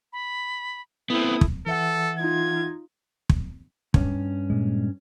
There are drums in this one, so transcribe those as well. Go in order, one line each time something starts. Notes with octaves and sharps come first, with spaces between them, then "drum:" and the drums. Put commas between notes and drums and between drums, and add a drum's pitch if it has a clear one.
B5
B3 C4 E4 A4 D#6
drum: kick
E3 A4 E5 F#5
D#4 F4 G#6
drum: kick
G2 C#4, drum: kick
A#2 G#3